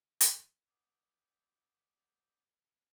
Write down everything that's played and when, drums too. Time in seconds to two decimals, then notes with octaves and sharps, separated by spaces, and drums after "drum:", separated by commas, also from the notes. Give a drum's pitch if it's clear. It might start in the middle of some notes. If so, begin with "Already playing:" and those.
0.21 drum: hi-hat
0.67 B3 D5 E5 G5